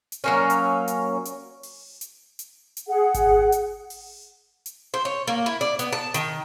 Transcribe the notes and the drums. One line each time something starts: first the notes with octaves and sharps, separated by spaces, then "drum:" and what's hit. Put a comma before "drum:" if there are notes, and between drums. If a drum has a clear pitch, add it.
drum: hi-hat
F#3 A#3 C#4
drum: hi-hat
drum: hi-hat
drum: hi-hat
drum: open hi-hat
drum: hi-hat
drum: hi-hat
drum: hi-hat
G#4 F#5
drum: kick G#1, hi-hat
drum: hi-hat
drum: open hi-hat
drum: hi-hat
C5
C#5
A#3
E4
D5
B3, drum: hi-hat
A5
D#3, drum: hi-hat